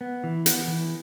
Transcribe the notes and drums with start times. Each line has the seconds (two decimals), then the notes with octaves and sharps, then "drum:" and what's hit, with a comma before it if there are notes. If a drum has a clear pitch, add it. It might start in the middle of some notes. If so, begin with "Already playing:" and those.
0.01 B3
0.24 E3
0.46 B3, drum: hi-hat
0.68 E3